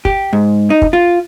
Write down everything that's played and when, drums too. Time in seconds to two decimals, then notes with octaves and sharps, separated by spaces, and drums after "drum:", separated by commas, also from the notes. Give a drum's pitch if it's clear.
0.05 G4, drum: kick
0.33 G#2
0.70 D#4
0.82 drum: kick
0.93 F4